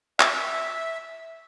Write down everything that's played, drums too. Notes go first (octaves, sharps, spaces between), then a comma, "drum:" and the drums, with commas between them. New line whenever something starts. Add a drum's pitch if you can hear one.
E5 E6, drum: clap